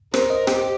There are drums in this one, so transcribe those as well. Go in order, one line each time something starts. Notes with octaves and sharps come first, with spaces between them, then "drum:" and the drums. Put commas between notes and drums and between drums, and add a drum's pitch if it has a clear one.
A#4 C5, drum: rim click
D#5
G4 G5, drum: rim click